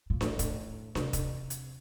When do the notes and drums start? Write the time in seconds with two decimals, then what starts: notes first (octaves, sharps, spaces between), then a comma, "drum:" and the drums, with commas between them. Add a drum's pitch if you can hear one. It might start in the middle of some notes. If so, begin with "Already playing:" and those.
0.10 A#2
0.21 A2, drum: snare D4
0.39 drum: kick E1, hi-hat
0.95 C3, drum: snare D4
1.13 drum: kick E1, hi-hat
1.50 drum: hi-hat